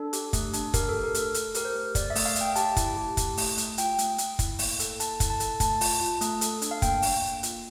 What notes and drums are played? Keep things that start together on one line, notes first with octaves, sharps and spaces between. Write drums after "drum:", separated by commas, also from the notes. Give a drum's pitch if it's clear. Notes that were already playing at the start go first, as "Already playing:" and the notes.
Already playing: D4 A4
G4, drum: hi-hat
A3, drum: kick, hi-hat
D4, drum: hi-hat
G4 A#4, drum: kick, hi-hat
A3 A4
A#4
A3 A4, drum: hi-hat
A3, drum: hi-hat
G4 A#4, drum: hi-hat
C5
A3
A3 D5, drum: kick, hi-hat
E5
A3, drum: open hi-hat
F5
A3, drum: hi-hat
G5
G4 A5, drum: hi-hat
E4, drum: kick, hi-hat
G4
A3, drum: kick, hi-hat
A3, drum: open hi-hat
A3, drum: hi-hat
F4 G5, drum: hi-hat
A3, drum: hi-hat
A3, drum: hi-hat
E4, drum: kick, hi-hat
A#3, drum: open hi-hat
A4, drum: hi-hat
A4 A5, drum: hi-hat
E4, drum: kick, hi-hat
A5
A4, drum: hi-hat
A3 A5, drum: kick, hi-hat
F4, drum: open hi-hat
F4
A3, drum: hi-hat
A4, drum: hi-hat
D4, drum: hi-hat
F5
A#3 G5, drum: kick, hi-hat
A#3, drum: open hi-hat
A#3
F4, drum: hi-hat